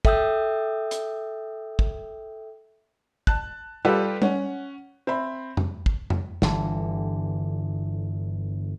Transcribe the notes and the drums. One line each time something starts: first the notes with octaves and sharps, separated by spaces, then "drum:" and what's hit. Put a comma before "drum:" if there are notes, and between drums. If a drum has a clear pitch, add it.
A4 E5 G5 D#6 E6 G6, drum: kick
drum: hi-hat
drum: kick
A5 F#6, drum: kick
G3 F4 G4 A4 B4
C#4 F#5, drum: tom
C4 E5 B5
drum: tom F2
drum: kick
drum: tom F2
G1 D3 E3, drum: snare